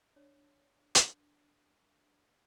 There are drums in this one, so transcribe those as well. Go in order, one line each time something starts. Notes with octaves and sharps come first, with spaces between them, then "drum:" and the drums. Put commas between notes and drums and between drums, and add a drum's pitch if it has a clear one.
D4 C#5
drum: hi-hat